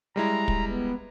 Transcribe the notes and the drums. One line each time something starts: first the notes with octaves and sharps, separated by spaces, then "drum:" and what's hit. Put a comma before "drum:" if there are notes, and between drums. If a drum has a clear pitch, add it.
G3 G#3 E4 A#5
drum: kick
B3